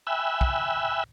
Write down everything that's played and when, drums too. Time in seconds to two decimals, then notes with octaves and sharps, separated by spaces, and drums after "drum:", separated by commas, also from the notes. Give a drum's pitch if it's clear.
0.07 E5 G5 G#5 B5 E6 F#6
0.41 drum: kick